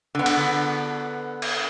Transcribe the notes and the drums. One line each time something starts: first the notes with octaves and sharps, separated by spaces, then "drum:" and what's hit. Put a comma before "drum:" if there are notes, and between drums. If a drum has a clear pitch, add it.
D3 B3
drum: cymbal
drum: cymbal